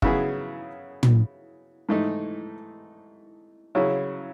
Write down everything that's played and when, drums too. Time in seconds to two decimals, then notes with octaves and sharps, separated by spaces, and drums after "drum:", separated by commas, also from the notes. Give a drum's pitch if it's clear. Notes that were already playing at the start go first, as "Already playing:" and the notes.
0.02 C#3 F#3 B3 E4 G#4, drum: kick
1.03 drum: tom
1.89 G#2 E3 A3 D#4
3.75 C#3 F#3 C#4 E4 G#4